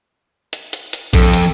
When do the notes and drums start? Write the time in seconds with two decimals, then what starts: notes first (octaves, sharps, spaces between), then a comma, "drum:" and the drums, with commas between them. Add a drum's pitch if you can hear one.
0.53 drum: hi-hat
0.73 drum: hi-hat
0.93 drum: hi-hat
1.13 F2 A4, drum: kick, hi-hat
1.34 drum: hi-hat